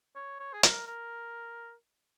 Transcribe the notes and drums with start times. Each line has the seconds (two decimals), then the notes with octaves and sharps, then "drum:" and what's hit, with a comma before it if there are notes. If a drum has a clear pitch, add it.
0.16 C#5
0.40 C#5
0.53 G#4
0.63 A#4, drum: hi-hat
0.87 A#4